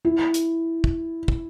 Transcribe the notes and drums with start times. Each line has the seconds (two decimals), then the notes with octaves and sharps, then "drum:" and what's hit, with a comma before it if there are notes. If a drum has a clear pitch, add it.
0.05 E4
0.34 drum: hi-hat
0.84 drum: kick
1.28 drum: kick